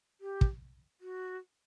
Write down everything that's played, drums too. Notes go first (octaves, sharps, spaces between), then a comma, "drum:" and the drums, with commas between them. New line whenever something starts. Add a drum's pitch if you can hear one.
G4
drum: kick
F#4